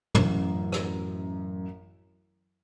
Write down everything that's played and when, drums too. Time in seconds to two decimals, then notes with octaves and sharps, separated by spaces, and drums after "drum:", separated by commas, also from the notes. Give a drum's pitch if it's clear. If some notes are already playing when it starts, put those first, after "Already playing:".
0.15 A1 F#2, drum: tom
0.72 drum: rim click